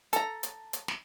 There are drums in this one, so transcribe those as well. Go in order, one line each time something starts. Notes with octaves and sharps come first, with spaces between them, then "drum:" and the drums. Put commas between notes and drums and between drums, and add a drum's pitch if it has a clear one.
A4 A#5, drum: hi-hat
drum: hi-hat
drum: hi-hat
drum: snare